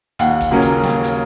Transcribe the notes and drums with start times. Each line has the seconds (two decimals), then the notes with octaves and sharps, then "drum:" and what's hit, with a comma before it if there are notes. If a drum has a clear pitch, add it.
0.19 D#2 F#5, drum: hi-hat
0.41 drum: kick, hi-hat
0.51 C#3 F#3 A#3 C#4
0.62 drum: hi-hat
0.84 D#2, drum: snare
1.04 drum: hi-hat